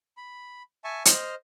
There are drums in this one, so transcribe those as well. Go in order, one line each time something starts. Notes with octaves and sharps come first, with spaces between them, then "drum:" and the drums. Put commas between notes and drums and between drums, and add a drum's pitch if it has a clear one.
B5
E5 G#5 A5 C#6
C5 D#5 F6, drum: hi-hat